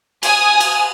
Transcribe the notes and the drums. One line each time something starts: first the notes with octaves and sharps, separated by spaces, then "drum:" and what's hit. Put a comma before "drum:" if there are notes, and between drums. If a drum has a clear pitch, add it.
G#5 D#6, drum: cymbal
drum: cymbal